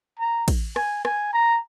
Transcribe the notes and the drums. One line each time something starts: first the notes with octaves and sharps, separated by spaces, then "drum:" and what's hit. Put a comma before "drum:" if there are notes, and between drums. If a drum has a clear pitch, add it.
A#5
drum: kick, cymbal
G#5, drum: rim click
G#5, drum: rim click
A#5